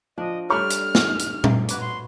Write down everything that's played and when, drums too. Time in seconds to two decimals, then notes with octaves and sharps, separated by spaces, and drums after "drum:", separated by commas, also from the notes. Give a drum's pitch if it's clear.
0.18 F3 D4 D#5
0.50 G3 A3 D4 C#5 C#6 F6
0.70 drum: hi-hat
0.95 drum: snare
1.19 drum: hi-hat
1.44 drum: tom A#2
1.68 F#4 B4 C#5 D6, drum: hi-hat
1.81 C6